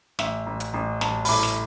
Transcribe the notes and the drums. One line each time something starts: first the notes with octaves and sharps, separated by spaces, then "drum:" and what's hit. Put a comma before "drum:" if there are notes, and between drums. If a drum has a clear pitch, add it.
A1 E5, drum: snare
A1
drum: hi-hat
A1
A1 A5, drum: snare
B5, drum: open hi-hat
A2 D6
drum: snare